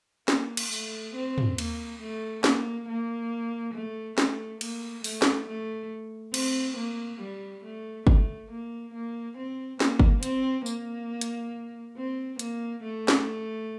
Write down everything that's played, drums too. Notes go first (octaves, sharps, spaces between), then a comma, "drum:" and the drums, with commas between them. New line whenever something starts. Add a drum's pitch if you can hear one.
A#3, drum: snare
drum: cymbal
A3, drum: tambourine
C4
drum: tom
A#3, drum: cymbal
A3
A#3, drum: snare
A#3
A3
A3, drum: snare
A#3, drum: cymbal
A3, drum: open hi-hat
drum: snare
A3
C4, drum: cymbal
A#3
G3
A3
A3, drum: kick G1
A#3
A#3
C4
A#3, drum: snare
drum: kick G1
C4, drum: hi-hat
A#3, drum: tambourine
drum: hi-hat
C4
A#3, drum: hi-hat
A3
drum: snare